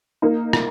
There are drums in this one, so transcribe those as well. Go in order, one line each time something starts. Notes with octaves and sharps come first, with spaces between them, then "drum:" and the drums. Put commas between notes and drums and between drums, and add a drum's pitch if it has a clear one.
A#3 D#4
drum: rim click